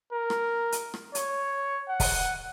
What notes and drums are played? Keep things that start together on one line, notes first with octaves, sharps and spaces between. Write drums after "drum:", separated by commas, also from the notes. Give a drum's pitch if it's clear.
A#4
drum: rim click
drum: hi-hat
drum: rim click
C#5, drum: hi-hat
F#5
drum: kick, open hi-hat